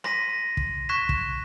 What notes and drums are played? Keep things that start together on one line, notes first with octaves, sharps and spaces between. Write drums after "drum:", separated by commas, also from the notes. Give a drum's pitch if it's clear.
C6 A#6 B6 D#7, drum: rim click
drum: kick
C#6 F#6 G#6 B6 E7
drum: kick